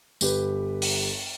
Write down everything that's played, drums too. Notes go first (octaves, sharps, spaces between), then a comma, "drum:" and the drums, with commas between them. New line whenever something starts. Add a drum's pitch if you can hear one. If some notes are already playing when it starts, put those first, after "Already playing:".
G1 G4 B4, drum: tambourine
drum: open hi-hat